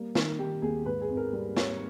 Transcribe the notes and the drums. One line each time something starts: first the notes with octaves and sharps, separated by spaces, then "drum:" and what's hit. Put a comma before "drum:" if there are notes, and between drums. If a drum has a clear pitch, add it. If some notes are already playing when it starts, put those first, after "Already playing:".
Already playing: G3 A#3
D#3, drum: snare
D#3 G4
D#2 G#4
G#2 B4
G#4
G#1
A#4
G3
A#3 C#5, drum: snare